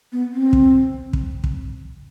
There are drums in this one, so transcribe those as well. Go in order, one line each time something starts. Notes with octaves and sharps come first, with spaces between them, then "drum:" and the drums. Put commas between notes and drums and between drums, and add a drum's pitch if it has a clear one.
B3
C4
drum: kick
drum: kick
drum: kick